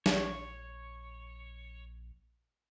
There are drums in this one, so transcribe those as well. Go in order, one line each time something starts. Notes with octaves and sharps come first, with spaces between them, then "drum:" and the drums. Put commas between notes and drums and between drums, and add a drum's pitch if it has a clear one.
A#1 C#5, drum: snare